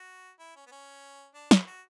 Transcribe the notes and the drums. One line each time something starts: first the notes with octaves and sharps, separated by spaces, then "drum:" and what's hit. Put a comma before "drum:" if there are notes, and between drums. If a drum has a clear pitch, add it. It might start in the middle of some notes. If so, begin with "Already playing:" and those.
Already playing: F#4
E4
C#4
B3
C#4
D4
E4, drum: snare
F#4